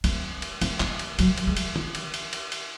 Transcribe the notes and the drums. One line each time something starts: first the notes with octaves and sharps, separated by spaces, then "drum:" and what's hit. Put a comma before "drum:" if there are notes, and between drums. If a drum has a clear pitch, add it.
C4, drum: cymbal
drum: cymbal
C4, drum: cymbal
A#3, drum: clap
drum: cymbal
F#3, drum: cymbal
drum: cymbal
G#3
drum: cymbal
drum: tom
drum: cymbal
drum: cymbal
drum: cymbal
drum: cymbal